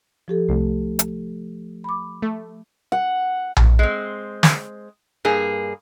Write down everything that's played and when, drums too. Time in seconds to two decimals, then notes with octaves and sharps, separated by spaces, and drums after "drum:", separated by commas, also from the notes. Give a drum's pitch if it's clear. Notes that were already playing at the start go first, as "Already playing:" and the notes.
0.28 F3 G4 A4
0.49 C2 A3
0.99 drum: hi-hat
1.84 B5 D6
2.22 A3
2.92 F#5
3.57 drum: tom A#1
3.79 G#3 C4
4.43 drum: snare
5.25 G2 A#3 G#4